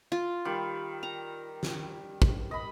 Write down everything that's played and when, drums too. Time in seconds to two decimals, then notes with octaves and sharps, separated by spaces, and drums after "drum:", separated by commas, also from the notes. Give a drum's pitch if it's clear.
0.12 F4
0.45 D#3 G3
1.03 A#5
1.63 drum: snare
2.22 drum: kick
2.51 D#5 B5